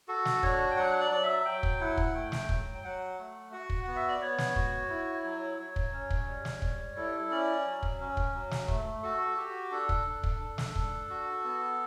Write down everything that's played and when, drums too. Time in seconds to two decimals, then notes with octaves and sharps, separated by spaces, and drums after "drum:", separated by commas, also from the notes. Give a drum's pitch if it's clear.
0.08 F#4 A4
0.25 drum: snare
0.43 D4 C#5, drum: kick
0.71 G5
0.77 F#3 F#5
1.00 D5
1.11 F#3 D5
1.23 E5
1.45 F#3 G5
1.63 drum: kick
1.80 E4 F#5
1.97 drum: kick
2.14 A3 G5
2.32 drum: snare
2.49 F#3, drum: kick
2.75 G5
2.83 F#3 F#5
3.19 A3
3.52 F#4 F#5
3.70 drum: kick
3.84 B3 F#5
3.96 E5
4.08 D5
4.21 B3 C#5
4.38 drum: snare
4.56 F#4, drum: kick
4.89 E4
5.24 F#3
5.59 F#3
5.76 drum: kick
5.93 C#4
6.10 drum: kick
6.27 G3
6.45 drum: snare
6.62 G3, drum: kick
6.96 E4 A4
7.31 C#4 D5
7.66 F#3
7.83 drum: kick
8.00 C#4
8.17 drum: kick
8.34 F#3
8.51 drum: snare
8.68 A3, drum: kick
9.03 F#4 A4
9.37 F#4 G4
9.71 D4 A4
9.89 drum: kick
10.07 D4
10.23 drum: kick
10.40 D4
10.58 drum: snare
10.75 D4, drum: kick
11.10 F#4
11.44 B3